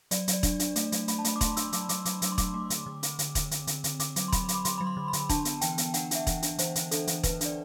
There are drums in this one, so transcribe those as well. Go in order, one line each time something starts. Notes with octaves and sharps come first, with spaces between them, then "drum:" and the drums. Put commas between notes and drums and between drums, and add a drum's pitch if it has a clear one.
F#3 D5, drum: hi-hat
F#3, drum: hi-hat
D5
D4, drum: kick E1, hi-hat
D4, drum: hi-hat
A3, drum: hi-hat
F#3, drum: hi-hat
A3 B5, drum: hi-hat
A5
A3 B5, drum: hi-hat
D6
A3 C6, drum: kick E1, hi-hat
D4 E6, drum: hi-hat
F#3 D6, drum: hi-hat
F#3 D6, drum: hi-hat
F#3 D6, drum: hi-hat
F#3, drum: hi-hat
C6
F#3 D6, drum: kick E1, hi-hat
A3
D3, drum: hi-hat
D3
C4, drum: hi-hat
D3, drum: hi-hat
D3, drum: kick E1, hi-hat
D3, drum: hi-hat
D3, drum: hi-hat
D3, drum: hi-hat
D3 D6, drum: hi-hat
F#3, drum: hi-hat
C6
D3 B5, drum: kick E1, hi-hat
F#3, drum: hi-hat
D6
D3 C6, drum: hi-hat
F#3 B5
C6
D3
B5
D3, drum: hi-hat
B5
D4 A5, drum: kick E1, hi-hat
B3, drum: hi-hat
E3 G5, drum: hi-hat
B3, drum: hi-hat
D4 F#5, drum: hi-hat
D4 E5, drum: hi-hat
E3, drum: kick E1, hi-hat
D4, drum: hi-hat
E3 C5, drum: hi-hat
E3, drum: hi-hat
D4 A4, drum: hi-hat
E3, drum: hi-hat
E3 B4, drum: kick E1, hi-hat
D4 D5, drum: hi-hat